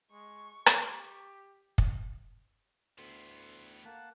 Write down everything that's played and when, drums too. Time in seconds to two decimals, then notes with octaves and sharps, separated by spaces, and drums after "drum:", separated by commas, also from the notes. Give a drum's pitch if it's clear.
0.12 G#3 C#6
0.66 G4, drum: rim click
1.78 drum: kick
2.98 D2 A2 B3 C6
3.85 A#3 F#5 A5